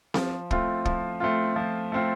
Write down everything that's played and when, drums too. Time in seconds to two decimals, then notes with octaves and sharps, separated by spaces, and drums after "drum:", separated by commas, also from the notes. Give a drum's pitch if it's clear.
0.14 F3, drum: snare C4
0.51 A3 C4 F4, drum: kick
0.85 F3, drum: kick
1.20 A3 C4 F4
1.56 F3
1.92 A3 C4 F4